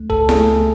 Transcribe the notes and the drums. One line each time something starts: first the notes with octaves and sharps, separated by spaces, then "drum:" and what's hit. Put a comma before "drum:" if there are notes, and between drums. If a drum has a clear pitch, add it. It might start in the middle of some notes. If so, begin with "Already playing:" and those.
Already playing: D2 A3
C#2 A4, drum: kick
G#4, drum: snare E4
A3